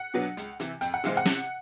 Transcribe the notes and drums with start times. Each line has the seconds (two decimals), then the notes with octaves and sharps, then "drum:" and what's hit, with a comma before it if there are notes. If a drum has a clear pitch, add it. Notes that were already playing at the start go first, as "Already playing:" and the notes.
Already playing: F#5
0.14 B2 F#3 B3 D4
0.37 C#2, drum: hi-hat
0.60 C3 E3, drum: hi-hat
0.81 F2 G5, drum: hi-hat
0.94 F#5
1.04 C3 E3 G#3 C4 F5, drum: hi-hat
1.17 F#5
1.26 C3, drum: snare